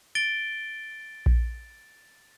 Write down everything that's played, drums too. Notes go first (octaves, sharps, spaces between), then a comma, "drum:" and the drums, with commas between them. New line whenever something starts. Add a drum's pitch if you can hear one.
A6 D7 G7
drum: kick A#1